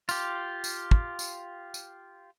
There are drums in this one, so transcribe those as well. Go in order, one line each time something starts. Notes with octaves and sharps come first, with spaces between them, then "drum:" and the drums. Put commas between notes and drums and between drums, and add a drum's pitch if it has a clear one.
F4 G4, drum: tambourine
drum: tambourine
drum: kick
drum: tambourine
drum: tambourine